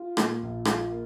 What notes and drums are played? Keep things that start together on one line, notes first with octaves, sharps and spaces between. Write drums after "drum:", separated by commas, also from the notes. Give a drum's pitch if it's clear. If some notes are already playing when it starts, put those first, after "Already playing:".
Already playing: F4
A#2, drum: rim click
A#1
F4, drum: rim click
A#3